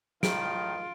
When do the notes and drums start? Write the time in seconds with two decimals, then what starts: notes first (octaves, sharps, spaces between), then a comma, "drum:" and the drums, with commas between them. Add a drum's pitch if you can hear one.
0.23 A2 D#3 F4 D7, drum: snare